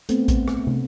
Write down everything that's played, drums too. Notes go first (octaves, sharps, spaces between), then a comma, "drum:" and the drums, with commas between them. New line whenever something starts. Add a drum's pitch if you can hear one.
A3 B3 C4, drum: hi-hat
drum: kick A1, hi-hat
drum: rim click
drum: tom